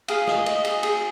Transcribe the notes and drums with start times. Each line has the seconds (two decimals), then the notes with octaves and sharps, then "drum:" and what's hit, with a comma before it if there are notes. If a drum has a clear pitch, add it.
0.08 G#4 F5, drum: cymbal
0.27 D#5, drum: snare
0.46 D#5, drum: cymbal
0.65 G#4, drum: cymbal
0.83 G#4, drum: cymbal